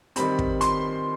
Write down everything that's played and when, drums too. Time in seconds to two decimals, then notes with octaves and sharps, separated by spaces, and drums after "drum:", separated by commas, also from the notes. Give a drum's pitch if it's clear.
0.16 D#3 G3 C4 B5, drum: hi-hat
0.39 drum: kick
0.61 C6, drum: hi-hat